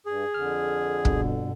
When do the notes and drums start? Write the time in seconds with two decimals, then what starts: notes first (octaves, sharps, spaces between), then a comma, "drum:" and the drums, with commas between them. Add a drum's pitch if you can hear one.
0.06 G2 G#4
0.34 F2 D3 F6
1.05 G2 B2, drum: kick